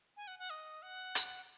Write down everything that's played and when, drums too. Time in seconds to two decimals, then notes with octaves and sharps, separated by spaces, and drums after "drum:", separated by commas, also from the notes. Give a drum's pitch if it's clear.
0.17 G#5
0.27 F#5
0.39 F#5
0.50 D#5
0.82 F#5
1.15 drum: hi-hat